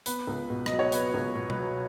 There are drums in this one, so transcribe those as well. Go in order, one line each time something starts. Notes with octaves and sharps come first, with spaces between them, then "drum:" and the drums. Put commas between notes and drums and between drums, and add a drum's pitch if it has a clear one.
B3 B4, drum: hi-hat
C#2
B2
F#3 D#5, drum: rim click
C#5
B3 B4, drum: hi-hat
C#2
B2
B4, drum: tom B2
F#3